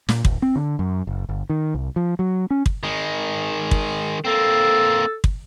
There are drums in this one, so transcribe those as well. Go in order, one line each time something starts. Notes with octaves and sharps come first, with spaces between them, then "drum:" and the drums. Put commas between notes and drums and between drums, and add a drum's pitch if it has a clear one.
A#2, drum: snare
D1, drum: kick
C4
D3
F#2
F#1
G1
D#3
C2
F3
F#3
C#4
drum: kick
D#3 G#3
drum: kick
A#3 C4 A4
drum: kick